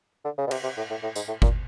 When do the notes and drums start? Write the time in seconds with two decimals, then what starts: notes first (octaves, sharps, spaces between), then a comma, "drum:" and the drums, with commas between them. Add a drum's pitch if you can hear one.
0.25 D3
0.38 C#3
0.47 B2
0.51 C3, drum: cymbal
0.64 C3
0.77 A2
0.90 A2
1.03 A2
1.16 G#2, drum: tambourine
1.28 A2
1.42 A#2, drum: kick G1